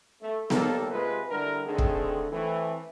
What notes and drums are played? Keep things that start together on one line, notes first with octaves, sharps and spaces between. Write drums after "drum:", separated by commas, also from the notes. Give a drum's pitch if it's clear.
A3
D#2 G3 A#3 G4 A4, drum: snare B3
C3 G#3 F4 B4
D3 G3 E4 A#4
D3 D#3 A3 C4 G#4 A4
drum: kick
E3 A3 C4